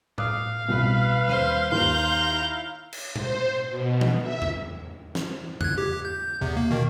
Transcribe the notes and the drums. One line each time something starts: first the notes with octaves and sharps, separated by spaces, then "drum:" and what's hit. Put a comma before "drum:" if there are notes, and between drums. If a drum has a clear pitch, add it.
F5 D6 D#6 F#6, drum: tom A2
C2 B2 B4
D#1 C5
D#2 A#5 C6 G6
E4
drum: cymbal
C5, drum: tom A#2
B2
drum: tom E3
E5
drum: tom E2
drum: snare
F#6 G#6, drum: tom E2
G4
G6
E2 C3
A#3
B2 D#3